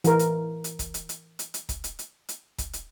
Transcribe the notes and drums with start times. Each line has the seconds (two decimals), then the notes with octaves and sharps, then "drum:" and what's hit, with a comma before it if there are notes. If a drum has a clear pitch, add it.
0.04 E3 A#4, drum: hi-hat
0.19 drum: hi-hat
0.64 drum: hi-hat
0.79 drum: kick, hi-hat
0.94 drum: hi-hat
1.09 drum: hi-hat
1.39 drum: hi-hat
1.54 drum: hi-hat
1.69 drum: kick, hi-hat
1.84 drum: hi-hat
1.99 drum: hi-hat
2.29 drum: hi-hat
2.58 drum: kick, hi-hat
2.73 drum: hi-hat